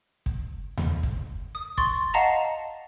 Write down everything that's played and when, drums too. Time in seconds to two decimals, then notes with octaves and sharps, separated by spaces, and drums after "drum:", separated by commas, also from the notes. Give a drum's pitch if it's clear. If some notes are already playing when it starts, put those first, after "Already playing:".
0.26 drum: kick
0.77 drum: tom D#2
1.03 drum: kick
1.55 D#6
1.78 C6 C#6 A6, drum: kick
2.14 D#5 F5 F#5 A5 A#5 A#6